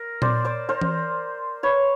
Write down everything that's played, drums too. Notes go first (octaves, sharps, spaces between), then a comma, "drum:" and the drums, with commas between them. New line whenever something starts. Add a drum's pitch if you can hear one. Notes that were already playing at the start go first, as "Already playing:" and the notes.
Already playing: A#4
C5 D5, drum: tom A#2
C5 D5
A#4 C5
drum: tom E3
B4 C#5